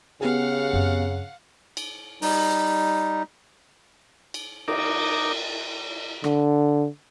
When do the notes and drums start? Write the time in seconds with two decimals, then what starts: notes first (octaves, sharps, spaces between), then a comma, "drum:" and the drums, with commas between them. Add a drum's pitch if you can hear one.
0.21 C#3 B3 G4 G#4 F5 F#5
0.73 F#2 C4
1.77 drum: cymbal
2.22 G3 D#4, drum: open hi-hat
4.34 drum: cymbal
4.68 D#4 A#4 D6, drum: cymbal
6.24 D3, drum: rim click